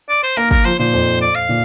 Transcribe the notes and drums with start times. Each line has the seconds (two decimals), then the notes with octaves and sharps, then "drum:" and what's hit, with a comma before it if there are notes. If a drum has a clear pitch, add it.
0.09 D5
0.23 C5
0.37 A#3 A#4
0.51 A#4, drum: kick
0.65 F3 C5
0.79 A#2 C5
0.93 F2
1.22 D5
1.35 F5
1.49 A#2